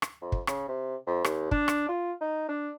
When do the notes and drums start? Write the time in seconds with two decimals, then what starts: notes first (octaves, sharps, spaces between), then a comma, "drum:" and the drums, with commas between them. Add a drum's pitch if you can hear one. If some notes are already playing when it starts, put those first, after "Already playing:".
0.02 drum: rim click
0.22 F2
0.32 drum: kick
0.47 C#3, drum: rim click
0.68 C3
1.07 F2
1.24 D#2, drum: rim click
1.51 D4, drum: kick
1.68 drum: rim click
1.89 F4
2.21 D#4
2.49 D4